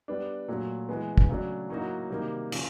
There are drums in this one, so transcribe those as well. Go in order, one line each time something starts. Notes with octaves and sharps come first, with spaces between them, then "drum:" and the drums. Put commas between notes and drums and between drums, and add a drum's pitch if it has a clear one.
G3 B3 D4
A#2 F#3 A3
E3 G#3 B3
drum: kick
C#3 F#3 A3 D4
A2 F#3 A#3 D#4 F#4
C3 D#3 G3 A#3 D#4
C#3 F3, drum: cymbal